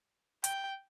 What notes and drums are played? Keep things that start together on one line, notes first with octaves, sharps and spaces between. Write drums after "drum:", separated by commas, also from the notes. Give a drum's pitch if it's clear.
G5, drum: hi-hat